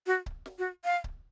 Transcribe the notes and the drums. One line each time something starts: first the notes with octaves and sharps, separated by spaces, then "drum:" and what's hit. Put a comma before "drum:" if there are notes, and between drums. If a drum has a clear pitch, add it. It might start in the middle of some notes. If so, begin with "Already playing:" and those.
F#4
drum: kick C#1
drum: snare
F#4
F5
drum: kick C#1